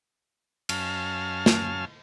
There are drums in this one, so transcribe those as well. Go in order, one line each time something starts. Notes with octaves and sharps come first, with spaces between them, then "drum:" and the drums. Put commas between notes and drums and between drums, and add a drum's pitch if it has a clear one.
F#2 C#4 F5 A5 F6, drum: cymbal
drum: snare